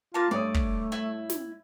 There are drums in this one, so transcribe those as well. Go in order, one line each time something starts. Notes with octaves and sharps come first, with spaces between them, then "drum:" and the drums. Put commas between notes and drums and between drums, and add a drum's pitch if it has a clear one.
A#3 F4 A5
G2 A3 C#5 D5 D#6
drum: kick
E4
drum: snare